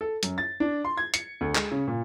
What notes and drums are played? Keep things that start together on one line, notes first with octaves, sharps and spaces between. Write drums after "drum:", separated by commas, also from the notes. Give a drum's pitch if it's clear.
A4
F#2, drum: hi-hat
A6
D4
C6
G#6
C#7, drum: hi-hat
D2
G#3, drum: clap
C#3
A#2